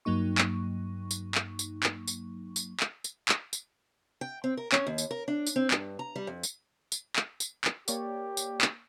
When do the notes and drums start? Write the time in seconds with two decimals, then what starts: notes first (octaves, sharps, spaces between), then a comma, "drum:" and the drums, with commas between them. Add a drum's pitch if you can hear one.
0.05 G2 F#3 A#3 D#4 C#6
0.38 drum: clap
1.11 drum: tambourine
1.35 drum: clap
1.59 drum: tambourine
1.83 drum: clap
2.08 drum: tambourine
2.56 drum: tambourine
2.80 drum: clap
3.04 drum: tambourine
3.29 drum: clap
3.53 drum: tambourine
4.21 G5
4.44 C4
4.57 A#4
4.72 C#4, drum: clap
4.87 D#2
4.98 drum: tambourine
5.11 A#4
5.28 D4
5.47 drum: tambourine
5.56 C4
5.71 G2, drum: clap
5.99 A#5
6.16 G3
6.27 F2
6.43 drum: tambourine
6.92 drum: tambourine
7.16 drum: clap
7.40 drum: tambourine
7.64 drum: clap
7.88 A#3 G4 C#5 D5, drum: tambourine
8.37 drum: tambourine
8.61 drum: clap